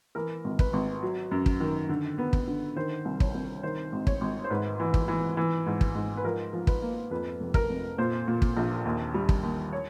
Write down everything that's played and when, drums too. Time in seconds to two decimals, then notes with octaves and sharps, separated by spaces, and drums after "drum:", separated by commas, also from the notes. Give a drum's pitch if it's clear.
0.15 E3 A#4
0.44 G#1
0.59 B4, drum: kick
0.73 G#1
1.03 F#3
1.31 F#2
1.46 drum: kick
1.60 D#3
1.89 D3
2.18 B3
2.33 drum: kick
2.48 D3
2.76 D#3 C5
3.05 C2
3.20 C#5, drum: kick
3.34 C2
3.63 D#3 C5
3.92 G#1
4.07 C#5, drum: kick
4.21 G#1
4.44 C5
4.50 G#2 B4
4.80 E3
4.94 drum: kick
5.08 E3
5.37 E3
5.66 G#2
5.81 drum: kick
5.95 G#2
6.17 B4
6.24 F3 A#4
6.53 F3
6.67 B4, drum: kick
6.82 A#3
7.11 F2 B4
7.40 F1
7.54 A#4, drum: kick
7.69 F1
7.98 A#2 C5
8.28 A#2
8.42 drum: kick
8.57 A#1
8.85 D#2
9.14 G3
9.29 drum: kick
9.43 D#2
9.73 C#5